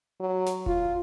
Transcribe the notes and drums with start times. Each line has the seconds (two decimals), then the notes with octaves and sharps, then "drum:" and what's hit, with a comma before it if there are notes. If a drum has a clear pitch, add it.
0.20 F#3
0.46 drum: snare
0.66 F4, drum: kick E1